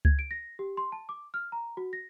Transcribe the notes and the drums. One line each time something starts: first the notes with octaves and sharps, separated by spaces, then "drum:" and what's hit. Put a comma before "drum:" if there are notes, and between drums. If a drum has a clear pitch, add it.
G#6, drum: kick C#2
D7
A#6
G4
C6
A5
D6
F6
A#5
F#4
A#6